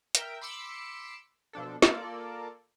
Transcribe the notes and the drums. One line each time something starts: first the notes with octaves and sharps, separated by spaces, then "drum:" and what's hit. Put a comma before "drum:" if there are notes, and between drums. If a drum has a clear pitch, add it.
A#4 E5 G5, drum: hi-hat
B5 C6 D6 E6 C#7
B2 F3 D4 A4
A#3 F4 A4 A#4 D5, drum: snare